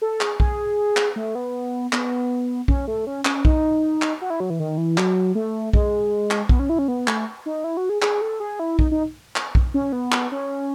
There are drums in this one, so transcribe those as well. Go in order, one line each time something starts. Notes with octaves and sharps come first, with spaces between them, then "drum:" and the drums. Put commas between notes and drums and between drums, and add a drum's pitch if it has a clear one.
A4
G#4, drum: clap
G#4, drum: kick B1
drum: clap
A3
B3
B3, drum: clap
C#4, drum: kick B1
A3
C#4
C#4, drum: clap
D#4, drum: kick B1
drum: clap
F#4
E4
F#3
E3
D#3
E3
F#3, drum: clap
A3
G#3, drum: kick B1
drum: clap
B3, drum: kick B1
C#4
E4
C#4
B3
A3, drum: clap
D#4
E4
F#4
G#4
G#4, drum: clap
A4
G#4
E4
D#4, drum: kick B1
D#4
drum: clap
drum: kick B1
C#4
B3
drum: clap
C#4